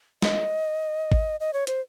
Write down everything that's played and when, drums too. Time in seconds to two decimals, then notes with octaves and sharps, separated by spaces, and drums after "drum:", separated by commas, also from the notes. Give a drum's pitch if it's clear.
0.22 D#5, drum: snare
1.12 drum: kick G#1
1.40 D#5
1.53 C#5
1.67 C5, drum: hi-hat